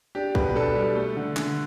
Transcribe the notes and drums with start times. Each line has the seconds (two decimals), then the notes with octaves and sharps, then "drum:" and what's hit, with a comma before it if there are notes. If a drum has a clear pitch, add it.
0.15 D4 G4
0.35 B2 B4, drum: kick A#1
0.50 B4
0.56 D4 A4
0.75 G3
0.95 A3
1.16 D3
1.36 D3, drum: clap